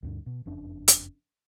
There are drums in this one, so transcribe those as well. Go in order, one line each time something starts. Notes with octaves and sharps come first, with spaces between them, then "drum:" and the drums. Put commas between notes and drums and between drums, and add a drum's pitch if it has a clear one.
D2 G2 D3
B2
F#1 F2 C#4 D4
drum: hi-hat